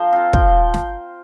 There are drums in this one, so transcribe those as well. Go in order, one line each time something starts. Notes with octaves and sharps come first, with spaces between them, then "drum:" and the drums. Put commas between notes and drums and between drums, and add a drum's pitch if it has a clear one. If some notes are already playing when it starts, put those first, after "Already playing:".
Already playing: F3 C5 A#5 C6
C4 F4 F5
F3 G5, drum: kick
drum: snare